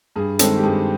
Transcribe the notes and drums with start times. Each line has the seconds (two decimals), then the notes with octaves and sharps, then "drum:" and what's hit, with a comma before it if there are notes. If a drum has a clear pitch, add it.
0.16 G2 G#4
0.39 D#3 G#3 C4 A4, drum: hi-hat
0.57 G4
0.63 G2 G#4